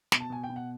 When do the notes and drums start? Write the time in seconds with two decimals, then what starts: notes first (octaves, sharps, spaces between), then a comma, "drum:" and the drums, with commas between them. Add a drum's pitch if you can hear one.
0.12 B2, drum: snare
0.20 A5
0.30 B2 G#5
0.44 G5
0.49 B2
0.56 F#5